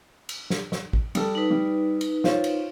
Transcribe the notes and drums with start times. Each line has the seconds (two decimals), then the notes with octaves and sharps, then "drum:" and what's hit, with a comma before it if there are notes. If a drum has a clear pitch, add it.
0.29 drum: cymbal
0.50 drum: snare
0.72 drum: snare
0.93 drum: kick A1
1.15 G3 A4 D#6, drum: cymbal
1.35 D#4 B4
1.50 G3
2.01 drum: cymbal
2.24 F4 C5 C#5, drum: snare
2.44 drum: cymbal